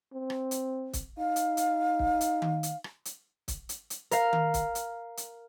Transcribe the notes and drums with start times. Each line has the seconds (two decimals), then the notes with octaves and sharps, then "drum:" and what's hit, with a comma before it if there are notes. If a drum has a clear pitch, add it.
0.13 C4
0.30 drum: rim click
0.51 drum: hi-hat
0.93 drum: kick, hi-hat
1.18 D#4 F5
1.36 drum: hi-hat
1.57 drum: hi-hat
1.99 drum: kick
2.21 drum: hi-hat
2.42 drum: tom D#3
2.63 drum: hi-hat
2.84 drum: rim click
3.05 drum: hi-hat
3.48 drum: kick, hi-hat
3.69 drum: hi-hat
3.90 drum: hi-hat
4.11 A#4 F5, drum: hi-hat
4.33 drum: tom D#3
4.54 drum: kick, hi-hat
4.75 drum: hi-hat
5.17 drum: hi-hat